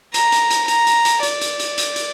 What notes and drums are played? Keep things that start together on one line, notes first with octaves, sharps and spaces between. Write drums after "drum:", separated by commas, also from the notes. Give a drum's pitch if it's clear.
A#5, drum: hi-hat
drum: hi-hat
drum: hi-hat
A#5, drum: hi-hat
drum: hi-hat
drum: hi-hat
D5, drum: hi-hat
drum: hi-hat
drum: hi-hat
drum: hi-hat
drum: hi-hat